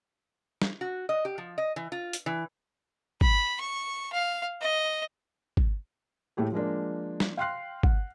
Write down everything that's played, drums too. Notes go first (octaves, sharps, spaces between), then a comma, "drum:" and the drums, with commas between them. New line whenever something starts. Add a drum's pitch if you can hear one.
drum: snare
F#4
D#5
G4
F3
D#5
E3
F4
drum: hi-hat
E3
B5, drum: kick
C#6
F5
D#5
drum: kick
A2 A3 G4 G#4
F3 G#3 A#3 D4
drum: snare
F5 G5 C6 F6 F#6 C7
F#5, drum: kick